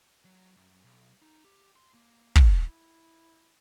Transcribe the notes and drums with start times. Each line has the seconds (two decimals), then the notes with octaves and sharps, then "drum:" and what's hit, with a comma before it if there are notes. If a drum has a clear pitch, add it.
0.25 F#3
0.57 F#2
0.85 B1
1.22 D#4
1.44 G4
1.76 C6
1.94 A#3
2.36 drum: kick
2.65 E4